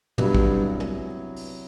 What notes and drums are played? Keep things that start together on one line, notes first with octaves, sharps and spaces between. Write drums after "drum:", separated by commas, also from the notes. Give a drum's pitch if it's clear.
G2 C3 F#3 B3 E4, drum: tom
drum: kick
drum: tom
drum: open hi-hat